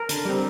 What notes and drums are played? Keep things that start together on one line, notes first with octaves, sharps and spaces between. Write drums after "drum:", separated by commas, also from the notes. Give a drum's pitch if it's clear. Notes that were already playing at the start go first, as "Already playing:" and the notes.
Already playing: A#4
D3, drum: hi-hat
G3 C4